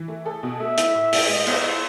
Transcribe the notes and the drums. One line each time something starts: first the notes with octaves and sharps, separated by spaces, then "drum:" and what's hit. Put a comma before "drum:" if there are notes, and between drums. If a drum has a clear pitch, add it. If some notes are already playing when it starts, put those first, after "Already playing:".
Already playing: E3
A3
G#4 A4
B2
A3 E5
E4, drum: hi-hat
A2
A2, drum: open hi-hat
G#3 D#5
B3, drum: cymbal
E4